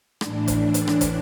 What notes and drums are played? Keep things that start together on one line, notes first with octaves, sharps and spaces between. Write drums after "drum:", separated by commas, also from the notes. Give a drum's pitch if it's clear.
A2 E3 D4, drum: rim click
drum: kick, hi-hat
drum: hi-hat
drum: rim click
drum: kick, hi-hat